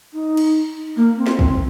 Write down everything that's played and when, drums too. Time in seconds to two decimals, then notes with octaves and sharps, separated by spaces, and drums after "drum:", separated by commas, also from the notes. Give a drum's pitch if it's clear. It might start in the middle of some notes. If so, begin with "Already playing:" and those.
0.13 D#4
0.37 drum: cymbal
0.96 A#3
1.17 C4
1.26 drum: snare
1.39 C4, drum: kick